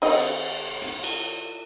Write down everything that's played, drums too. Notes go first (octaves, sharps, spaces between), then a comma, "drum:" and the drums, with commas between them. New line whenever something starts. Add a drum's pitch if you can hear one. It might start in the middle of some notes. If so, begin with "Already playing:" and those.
D#3 C4 D#5, drum: cymbal
drum: hi-hat
drum: cymbal